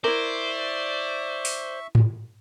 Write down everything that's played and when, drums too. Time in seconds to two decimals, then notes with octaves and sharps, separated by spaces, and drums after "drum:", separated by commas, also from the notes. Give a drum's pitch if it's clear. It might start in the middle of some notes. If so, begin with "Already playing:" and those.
0.04 E4 A#4 C5 D5 E5 C#6
1.45 drum: open hi-hat
1.95 drum: tom G#2